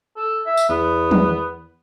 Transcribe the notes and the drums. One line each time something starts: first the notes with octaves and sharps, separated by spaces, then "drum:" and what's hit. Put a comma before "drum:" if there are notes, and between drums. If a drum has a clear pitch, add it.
A4
E5
drum: tambourine
E2 B3
drum: tom